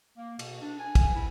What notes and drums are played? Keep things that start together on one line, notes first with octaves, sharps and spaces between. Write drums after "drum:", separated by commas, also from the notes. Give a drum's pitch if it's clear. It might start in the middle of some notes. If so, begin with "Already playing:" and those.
A#3
B2, drum: cymbal
D4
G#5
drum: kick, cymbal
E4